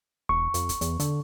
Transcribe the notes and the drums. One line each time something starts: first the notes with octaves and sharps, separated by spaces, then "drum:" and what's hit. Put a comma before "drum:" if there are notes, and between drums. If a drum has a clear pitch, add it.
E1 C#6
F2, drum: hi-hat
drum: kick, hi-hat
E2, drum: hi-hat
D3, drum: hi-hat